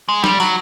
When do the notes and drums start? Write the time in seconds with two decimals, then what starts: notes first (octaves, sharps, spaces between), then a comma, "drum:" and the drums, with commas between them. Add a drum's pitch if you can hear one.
0.09 G#3
0.24 G3, drum: snare
0.40 F#3, drum: tambourine